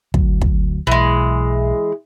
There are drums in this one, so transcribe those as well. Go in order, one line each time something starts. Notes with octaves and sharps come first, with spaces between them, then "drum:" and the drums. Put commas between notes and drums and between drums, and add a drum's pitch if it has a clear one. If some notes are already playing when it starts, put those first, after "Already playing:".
D2 F#3, drum: kick
drum: kick
B1 E3 G#3